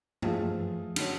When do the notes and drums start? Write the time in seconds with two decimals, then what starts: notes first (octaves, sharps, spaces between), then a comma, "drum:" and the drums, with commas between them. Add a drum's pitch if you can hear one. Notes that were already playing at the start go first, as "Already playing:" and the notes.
0.22 F3 A3 F4 G#4, drum: tom F#2
0.96 D3 F#3 C#4, drum: cymbal